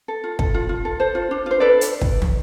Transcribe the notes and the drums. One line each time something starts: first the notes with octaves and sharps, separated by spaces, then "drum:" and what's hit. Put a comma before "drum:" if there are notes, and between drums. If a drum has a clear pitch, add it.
A4
F4
A4, drum: kick
F4
F4
A4
A4 C5
F4
D4
F4 C5
A4 B4 D5
drum: hi-hat
drum: kick
drum: tom